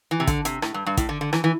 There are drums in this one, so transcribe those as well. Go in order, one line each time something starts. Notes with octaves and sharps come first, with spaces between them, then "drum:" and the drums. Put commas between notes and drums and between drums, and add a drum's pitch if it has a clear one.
E3
C3
D3, drum: kick, hi-hat
C3, drum: hi-hat
A2, drum: rim click
G2
G2
A2, drum: kick, hi-hat
D3
D3
E3, drum: rim click
E3